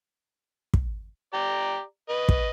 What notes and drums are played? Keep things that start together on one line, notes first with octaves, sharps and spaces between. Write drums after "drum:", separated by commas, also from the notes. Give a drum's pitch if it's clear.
drum: kick
G4 D5 A#5
B4 D#5
drum: kick